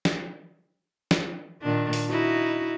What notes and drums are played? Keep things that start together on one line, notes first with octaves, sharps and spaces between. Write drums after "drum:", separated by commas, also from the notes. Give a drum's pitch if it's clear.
drum: snare
drum: snare
A#2 D#3 D4
drum: open hi-hat
D#4 E4 F#4